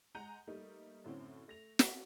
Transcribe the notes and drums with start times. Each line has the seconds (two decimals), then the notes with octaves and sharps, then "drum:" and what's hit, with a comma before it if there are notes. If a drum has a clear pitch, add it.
0.15 G#3 F#5 A#5 G6 D#7
0.47 G3 A3 A#3 D#4
1.04 F#2 A2 D3 C4 C#4
1.48 A3 A#6 F7
1.79 drum: snare